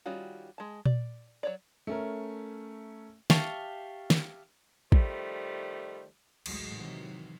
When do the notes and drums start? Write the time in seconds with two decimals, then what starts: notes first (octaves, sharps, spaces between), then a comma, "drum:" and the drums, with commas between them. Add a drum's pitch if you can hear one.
0.06 D#3 G3 C#4 F4 F#4
0.58 G#3 A5
0.86 D5, drum: tom A#2
1.43 F#3 C#5 D5
1.87 A3 C#4 A#4
3.30 G4 E5 F5 A5 C#6, drum: snare
4.10 drum: snare
4.92 D#3 F3 G3 A3, drum: kick
6.46 A1 D2 A2 F#3 G#3, drum: cymbal
6.75 C3 D#3 E3 F#3